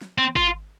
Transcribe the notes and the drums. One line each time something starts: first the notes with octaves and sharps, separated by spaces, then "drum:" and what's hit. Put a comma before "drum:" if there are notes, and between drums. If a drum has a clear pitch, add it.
drum: snare
C4
F4, drum: kick G#1